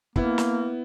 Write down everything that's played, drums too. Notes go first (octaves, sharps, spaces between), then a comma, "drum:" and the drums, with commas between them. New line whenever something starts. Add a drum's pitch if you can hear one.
A#3 B3 E4, drum: kick
drum: snare